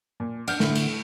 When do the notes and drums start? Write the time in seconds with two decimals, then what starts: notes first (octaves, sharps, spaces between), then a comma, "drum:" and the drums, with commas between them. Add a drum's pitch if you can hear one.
0.20 A#2
0.48 D4 F#5 F6 G6, drum: cymbal
0.60 A2 D3 A3, drum: snare
0.75 drum: cymbal